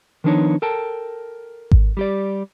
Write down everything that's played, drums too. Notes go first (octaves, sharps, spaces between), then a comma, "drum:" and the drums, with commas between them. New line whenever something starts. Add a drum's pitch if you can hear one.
D#3 F3 B3 D4 D#4 C#5
A4 A#4 G5 A5
drum: kick G#1
G3 G4 D5